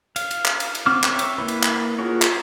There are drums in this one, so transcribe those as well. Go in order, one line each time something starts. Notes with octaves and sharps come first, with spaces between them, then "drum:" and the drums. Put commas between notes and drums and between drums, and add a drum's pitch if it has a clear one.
F5, drum: cymbal
drum: cymbal
drum: clap
drum: cymbal
drum: cymbal
C4 F#4 D6 F6
C#5 E5 G5, drum: clap
drum: cymbal
A#3 E4 B4
drum: cymbal
drum: clap
F4 F#4 G#4 A#4 C#5
drum: clap